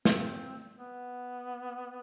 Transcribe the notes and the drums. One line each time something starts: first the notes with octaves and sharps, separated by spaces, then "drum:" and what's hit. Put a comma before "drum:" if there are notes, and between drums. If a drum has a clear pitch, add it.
C4, drum: snare
B3